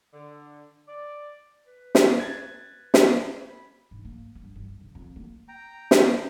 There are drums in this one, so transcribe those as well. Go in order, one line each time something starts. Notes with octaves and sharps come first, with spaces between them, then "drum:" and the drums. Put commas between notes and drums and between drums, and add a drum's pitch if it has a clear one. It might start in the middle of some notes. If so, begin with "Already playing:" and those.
D3
D5
B4
drum: snare
G#6 A6
drum: snare
B5
G#2
A#3
G2
G2
C#3
F2
A#3
G5 A#5
drum: snare